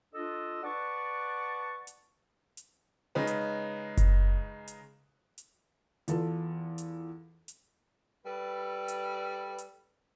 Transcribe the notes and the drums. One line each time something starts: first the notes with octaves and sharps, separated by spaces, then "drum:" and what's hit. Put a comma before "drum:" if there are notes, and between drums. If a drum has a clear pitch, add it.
D4 F4 A4 D#5 E6
B4 D5 F#5 A5 C#6
drum: hi-hat
drum: hi-hat
C#3 G#3 D#4 B4
drum: hi-hat
drum: kick F#1, hi-hat
drum: hi-hat
drum: hi-hat
E2 F4 A4, drum: hi-hat
drum: hi-hat
drum: hi-hat
G3 A4 B4
drum: hi-hat
drum: hi-hat